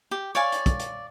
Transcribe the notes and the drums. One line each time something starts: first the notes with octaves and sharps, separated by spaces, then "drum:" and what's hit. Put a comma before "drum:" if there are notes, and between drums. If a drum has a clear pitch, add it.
G4
C#5 D5 F5 G#5
drum: hi-hat
drum: kick, hi-hat
drum: hi-hat